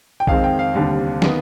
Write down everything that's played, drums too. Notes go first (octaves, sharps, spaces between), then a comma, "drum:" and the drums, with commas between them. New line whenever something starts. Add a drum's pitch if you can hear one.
G5
F2 D#3 G#3 C4 F5, drum: kick B1
G5
F5
F1 D#2 D3 G3 C4
D#3 B3, drum: snare